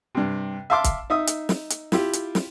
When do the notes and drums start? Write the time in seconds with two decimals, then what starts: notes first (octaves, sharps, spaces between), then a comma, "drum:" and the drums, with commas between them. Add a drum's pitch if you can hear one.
0.15 G2 C3
0.70 E5 F5 A5 C6 D6
0.84 drum: kick, hi-hat
1.10 D#4 E5 D#6
1.27 drum: hi-hat
1.49 drum: snare
1.70 drum: hi-hat
1.92 E4 F4 G4, drum: snare
2.13 drum: hi-hat
2.35 drum: snare